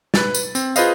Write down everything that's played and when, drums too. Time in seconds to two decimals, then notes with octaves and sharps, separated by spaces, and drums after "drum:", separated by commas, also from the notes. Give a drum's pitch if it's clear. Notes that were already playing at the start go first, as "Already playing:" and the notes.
0.14 B4 A6, drum: snare
0.35 drum: tambourine
0.55 C4, drum: tambourine
0.76 F4 G#4 B4 C5 D#5 F5, drum: tambourine